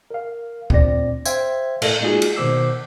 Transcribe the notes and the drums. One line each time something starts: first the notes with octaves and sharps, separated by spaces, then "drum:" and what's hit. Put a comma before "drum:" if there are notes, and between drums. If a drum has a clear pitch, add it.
A#4 F5
D2 A#2 C4 D4 D5 A#6, drum: kick
C5 E5 F5 G5 C6 G#6, drum: tambourine
A2 A4 A#4 F5 A#6, drum: cymbal
G#3 A#3 D#4 F4 F#4 G#4
drum: cymbal
B2 D#3 C5 D6 E6 C7